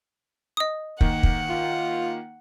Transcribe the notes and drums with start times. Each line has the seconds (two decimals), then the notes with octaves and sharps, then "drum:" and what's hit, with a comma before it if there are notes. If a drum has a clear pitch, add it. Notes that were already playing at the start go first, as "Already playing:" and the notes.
0.57 D#5 D#6
1.01 D#3 A#3 F#5, drum: kick
1.23 drum: kick
1.49 F4